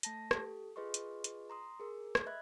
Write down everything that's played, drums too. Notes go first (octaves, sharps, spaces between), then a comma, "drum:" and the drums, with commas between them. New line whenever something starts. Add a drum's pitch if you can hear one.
A3 A5 A#6, drum: hi-hat
G4 A4, drum: rim click
F4 G#4 B4 D#5 C6 C#6
drum: hi-hat
drum: hi-hat
A#5 C6 D#6
G#4 A#4
drum: rim click
D#5 E5 B5 F#6 G#6